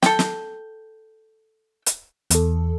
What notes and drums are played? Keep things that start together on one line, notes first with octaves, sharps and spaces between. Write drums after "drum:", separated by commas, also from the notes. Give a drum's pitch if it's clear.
A4 G5, drum: snare
drum: snare
drum: hi-hat
E2 A4, drum: hi-hat